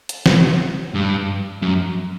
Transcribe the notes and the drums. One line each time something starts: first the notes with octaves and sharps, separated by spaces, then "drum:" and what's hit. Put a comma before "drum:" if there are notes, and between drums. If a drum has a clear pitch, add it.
drum: hi-hat
drum: snare
G2
F#2